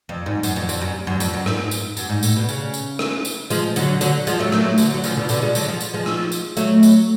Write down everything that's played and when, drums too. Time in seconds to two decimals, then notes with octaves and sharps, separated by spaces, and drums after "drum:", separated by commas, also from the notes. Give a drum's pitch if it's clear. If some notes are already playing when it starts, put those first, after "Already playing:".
0.09 F2
0.26 G#2
0.43 F#2, drum: tambourine
0.56 F2
0.69 F2, drum: tambourine
0.81 F#2
1.07 F#2
1.20 F2, drum: tambourine
1.34 F#2
1.46 G#2, drum: rim click
1.71 drum: tambourine
1.97 F#2, drum: tambourine
2.09 G#2
2.23 A2, drum: tambourine
2.36 B2
2.49 C#3, drum: tambourine
2.74 drum: tambourine
2.99 drum: rim click
3.25 drum: tambourine
3.50 F3 G#3, drum: tambourine
3.76 D3 F#3, drum: tambourine
4.01 D3 F#3, drum: tambourine
4.27 F3 G#3, drum: tambourine
4.39 F#3 A3
4.52 F#3 A3, drum: rim click
4.78 D3 F#3, drum: tambourine
4.94 F#3
5.04 C#3 F3, drum: tambourine
5.17 B2 D3
5.25 F3
5.29 B2 D3, drum: tambourine
5.42 F3 G#3
5.55 D3 F#3, drum: tambourine
5.67 F3 G#3
5.81 drum: tambourine
5.93 F3 G#3
6.06 drum: rim click
6.32 drum: tambourine
6.57 F#3 A3, drum: tambourine
6.83 drum: tambourine